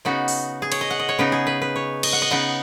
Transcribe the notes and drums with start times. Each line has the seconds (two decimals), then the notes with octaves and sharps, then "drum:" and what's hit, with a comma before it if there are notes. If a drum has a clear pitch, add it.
0.05 C#3 B3 D#4 F#4
0.28 drum: open hi-hat
0.62 G#4
0.72 C#5, drum: cymbal
0.81 D#5
0.90 F#5
0.99 D#5
1.09 C#5
1.19 C#3 B3 D#4 B4
1.32 G#4
1.47 B4
1.62 B4
1.76 C#5
2.03 D#5, drum: cymbal
2.13 F#5
2.22 D#5
2.31 C#3 B3 D#4 F#5